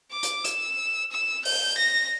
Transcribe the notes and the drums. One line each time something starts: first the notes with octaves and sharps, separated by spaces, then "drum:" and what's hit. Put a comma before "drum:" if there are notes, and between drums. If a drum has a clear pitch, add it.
D6
drum: hi-hat
E6, drum: hi-hat
E6
G6, drum: open hi-hat
A#6